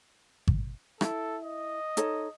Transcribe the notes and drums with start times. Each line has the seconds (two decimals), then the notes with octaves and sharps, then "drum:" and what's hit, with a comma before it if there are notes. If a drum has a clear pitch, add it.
0.48 drum: kick G#1
1.01 E4 A4, drum: rim click
1.45 D#5
1.97 D#4 A4 C#5, drum: hi-hat